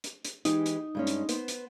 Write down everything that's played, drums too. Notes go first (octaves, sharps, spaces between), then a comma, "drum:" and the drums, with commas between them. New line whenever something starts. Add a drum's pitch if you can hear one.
drum: hi-hat
drum: hi-hat
E3 G#3 D#4 G4, drum: hi-hat
drum: hi-hat
G2 G#3 C#4
drum: hi-hat
B3 C5, drum: hi-hat
drum: hi-hat